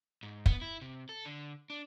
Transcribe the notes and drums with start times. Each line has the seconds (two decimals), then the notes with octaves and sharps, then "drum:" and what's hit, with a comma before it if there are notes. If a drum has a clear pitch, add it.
0.23 G#2
0.46 B3, drum: kick
0.61 E4
0.81 C3
1.09 A4
1.25 D3
1.70 D4